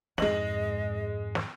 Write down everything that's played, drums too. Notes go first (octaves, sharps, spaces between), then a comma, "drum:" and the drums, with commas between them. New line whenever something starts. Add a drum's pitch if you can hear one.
F2 G#2 G#3 D#5 F#7, drum: snare
drum: snare